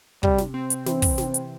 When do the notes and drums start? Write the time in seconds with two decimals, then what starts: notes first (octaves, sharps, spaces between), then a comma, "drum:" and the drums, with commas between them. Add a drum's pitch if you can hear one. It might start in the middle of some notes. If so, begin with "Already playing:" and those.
0.23 C3 G3, drum: kick
0.38 drum: snare
0.54 C4
0.70 drum: hi-hat
0.86 E3 C4, drum: snare
1.02 drum: kick, open hi-hat
1.18 C3, drum: snare
1.34 drum: hi-hat